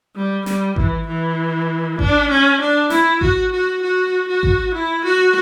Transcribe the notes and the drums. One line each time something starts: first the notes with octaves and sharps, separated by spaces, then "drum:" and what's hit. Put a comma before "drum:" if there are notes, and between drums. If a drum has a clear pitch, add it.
G3
G3, drum: snare
E3, drum: kick G#1
E3
D4, drum: kick G#1
C#4
D4
E4, drum: snare
F#4, drum: kick G#1
F#4
F#4
F#4
drum: kick G#1
E4
F#4